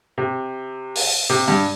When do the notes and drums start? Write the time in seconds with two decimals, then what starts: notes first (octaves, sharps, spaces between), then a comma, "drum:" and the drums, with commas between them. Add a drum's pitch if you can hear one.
0.18 C3
0.96 drum: open hi-hat
1.30 C3
1.48 G2